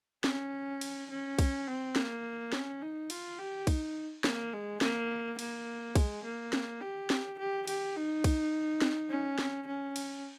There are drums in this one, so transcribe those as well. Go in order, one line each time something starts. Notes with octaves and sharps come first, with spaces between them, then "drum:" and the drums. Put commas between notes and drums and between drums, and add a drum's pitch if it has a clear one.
C#4, drum: snare
drum: cymbal
C#4
drum: kick B1, cymbal
C4
A#3, drum: snare
C#4, drum: snare
D#4
F4, drum: cymbal
G4
D#4, drum: kick B1, cymbal
A#3, drum: snare
G#3
A#3, drum: snare
A#3, drum: cymbal
G#3, drum: kick B1, cymbal
A#3
drum: snare
G4
drum: snare
G4
G4, drum: cymbal
D#4
drum: kick B1, cymbal
drum: snare
C#4
drum: snare
C#4
drum: cymbal